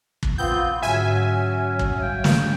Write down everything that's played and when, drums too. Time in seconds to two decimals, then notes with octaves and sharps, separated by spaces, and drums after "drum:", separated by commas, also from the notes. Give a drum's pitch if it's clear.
0.23 drum: kick
0.38 B3 C4 F4 G6
0.82 G#2 D3 F#3 C#4 E5 G#5
1.79 drum: kick
2.02 G3 F5 G5
2.24 drum: snare